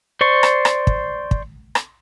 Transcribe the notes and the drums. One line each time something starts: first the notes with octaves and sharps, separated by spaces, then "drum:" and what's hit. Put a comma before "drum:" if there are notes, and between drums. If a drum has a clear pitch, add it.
C5 D5 C#6
drum: rim click
drum: rim click
drum: kick
drum: kick
drum: rim click